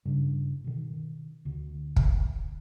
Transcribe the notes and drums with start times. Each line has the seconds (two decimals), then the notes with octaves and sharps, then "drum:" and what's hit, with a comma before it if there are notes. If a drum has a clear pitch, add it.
0.05 G2 C#3 G3 D4
0.64 B2 D#3
1.45 D2 D3
1.96 drum: kick